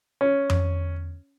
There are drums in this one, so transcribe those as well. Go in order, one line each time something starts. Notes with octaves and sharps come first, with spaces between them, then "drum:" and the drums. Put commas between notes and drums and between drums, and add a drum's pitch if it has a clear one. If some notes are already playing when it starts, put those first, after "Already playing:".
C#4
drum: tom F2